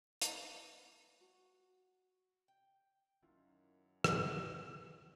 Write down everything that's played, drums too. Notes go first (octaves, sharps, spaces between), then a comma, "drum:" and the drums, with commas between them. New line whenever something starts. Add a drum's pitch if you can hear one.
B4, drum: hi-hat
F#4
G5
F#2 D#3 E4 F4
A2, drum: rim click